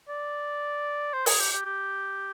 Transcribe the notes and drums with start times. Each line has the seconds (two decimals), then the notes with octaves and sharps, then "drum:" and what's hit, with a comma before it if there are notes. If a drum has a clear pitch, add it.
0.08 D5
1.13 C5
1.26 G#4, drum: open hi-hat
1.40 G4
1.53 G4
1.65 G4